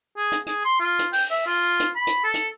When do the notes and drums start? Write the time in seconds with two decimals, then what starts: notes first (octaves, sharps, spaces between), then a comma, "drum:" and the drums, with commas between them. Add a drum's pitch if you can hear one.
0.17 G#4
0.32 drum: hi-hat
0.46 G#4, drum: hi-hat
0.65 C6
0.80 F4
0.99 drum: hi-hat
1.13 G5, drum: open hi-hat
1.30 E5
1.46 F4
1.80 drum: hi-hat
1.95 B5
2.07 drum: hi-hat
2.24 A4
2.34 drum: hi-hat